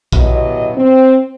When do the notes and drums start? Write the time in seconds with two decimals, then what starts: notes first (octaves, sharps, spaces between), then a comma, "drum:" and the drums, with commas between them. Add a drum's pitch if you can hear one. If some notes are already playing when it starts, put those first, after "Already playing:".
0.13 B2 F#3 E4 G4 D#5, drum: kick A#1
0.76 C4